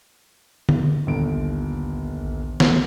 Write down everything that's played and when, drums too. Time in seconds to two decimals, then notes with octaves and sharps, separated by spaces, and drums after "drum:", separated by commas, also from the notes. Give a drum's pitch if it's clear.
0.69 drum: tom D3
1.07 G1 D#2 D7
1.36 A#1
2.24 A#1
2.60 E2 A3, drum: snare